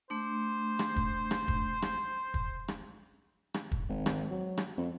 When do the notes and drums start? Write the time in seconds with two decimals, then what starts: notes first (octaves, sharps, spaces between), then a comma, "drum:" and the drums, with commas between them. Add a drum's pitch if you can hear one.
0.10 A3 D4 C5
0.79 drum: rim click
0.96 drum: kick
1.31 drum: rim click
1.48 drum: kick
1.82 drum: rim click
2.34 drum: kick
2.68 drum: rim click
3.54 drum: rim click
3.72 drum: kick
3.89 G#1
4.06 drum: rim click
4.30 F#3
4.58 drum: rim click
4.78 F2